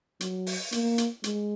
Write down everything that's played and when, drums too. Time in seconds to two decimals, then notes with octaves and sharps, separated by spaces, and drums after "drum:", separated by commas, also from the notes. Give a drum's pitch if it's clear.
0.21 F#3, drum: hi-hat
0.46 drum: open hi-hat
0.72 A#3, drum: hi-hat
0.98 drum: hi-hat
1.24 G#3, drum: hi-hat